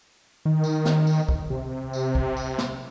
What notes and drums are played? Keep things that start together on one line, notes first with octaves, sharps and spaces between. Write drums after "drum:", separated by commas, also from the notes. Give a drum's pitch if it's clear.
D#3
drum: tambourine
drum: snare
drum: tambourine
drum: kick
C3
drum: tambourine
drum: kick
drum: tambourine
drum: snare